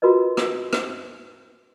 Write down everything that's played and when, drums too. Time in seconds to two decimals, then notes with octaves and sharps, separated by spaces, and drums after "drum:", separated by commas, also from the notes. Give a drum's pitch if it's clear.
0.02 F4 F#4 A#4 B4 D#5
0.37 drum: rim click
0.73 drum: rim click